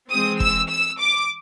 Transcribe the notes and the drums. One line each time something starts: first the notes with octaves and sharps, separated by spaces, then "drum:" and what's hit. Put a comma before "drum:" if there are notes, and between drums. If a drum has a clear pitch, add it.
E3 G#3 C4 D#6
E6, drum: kick
E6
D6